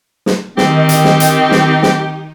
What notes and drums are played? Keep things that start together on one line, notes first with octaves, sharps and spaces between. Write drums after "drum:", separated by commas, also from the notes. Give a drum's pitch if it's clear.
drum: snare
D#3 C4 D#4 G4, drum: snare
drum: hi-hat
drum: snare
drum: hi-hat
drum: snare
drum: snare